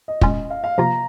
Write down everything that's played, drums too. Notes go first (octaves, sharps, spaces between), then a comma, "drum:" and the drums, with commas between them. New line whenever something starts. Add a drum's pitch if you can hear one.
D#5
A#2 G#3 C#4 F4, drum: kick
F5
F5
C3 F3 A#3 F4 A#5